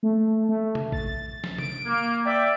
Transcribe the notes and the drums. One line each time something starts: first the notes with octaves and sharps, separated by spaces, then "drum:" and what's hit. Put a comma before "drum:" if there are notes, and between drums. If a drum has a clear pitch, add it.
A3
A3
drum: tom C3
A6, drum: kick A1
drum: snare
D7, drum: tom C3
A#3
D5 E5 G5